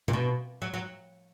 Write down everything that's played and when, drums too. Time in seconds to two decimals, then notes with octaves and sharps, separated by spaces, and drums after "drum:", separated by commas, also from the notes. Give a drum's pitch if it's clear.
0.08 A#2, drum: tom B2
0.13 B2
0.62 F#3
0.74 F#3